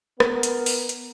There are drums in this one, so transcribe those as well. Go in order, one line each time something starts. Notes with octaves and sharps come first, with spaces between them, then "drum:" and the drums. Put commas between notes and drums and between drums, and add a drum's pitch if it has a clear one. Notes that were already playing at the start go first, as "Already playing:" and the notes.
B3 A#4, drum: rim click
drum: hi-hat
drum: open hi-hat
drum: hi-hat